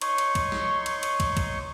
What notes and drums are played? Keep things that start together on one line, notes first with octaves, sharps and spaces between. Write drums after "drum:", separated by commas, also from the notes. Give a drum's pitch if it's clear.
D#4 C#5 C6 C#6, drum: cymbal
drum: cymbal
drum: kick, cymbal
drum: snare
drum: cymbal
drum: cymbal
drum: kick, cymbal
drum: kick, cymbal